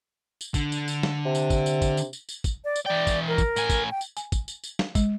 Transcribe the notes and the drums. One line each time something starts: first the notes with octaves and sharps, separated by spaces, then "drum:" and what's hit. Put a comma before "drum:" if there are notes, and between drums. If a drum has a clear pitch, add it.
drum: tambourine
D3, drum: kick, tambourine
drum: tambourine
drum: tambourine
drum: snare
C3
drum: tambourine
drum: kick, tambourine
drum: tambourine
drum: kick, tambourine
drum: tambourine
drum: tambourine
drum: tambourine
drum: kick, tambourine
D5
drum: tambourine
E3 D5 G5
drum: kick, tambourine
A#4
drum: kick, tambourine
A2 G#5, drum: tambourine
drum: kick, tambourine
G5
drum: tambourine
G#5, drum: tambourine
drum: kick, tambourine
drum: tambourine
drum: tambourine
drum: snare
G#3, drum: kick, tambourine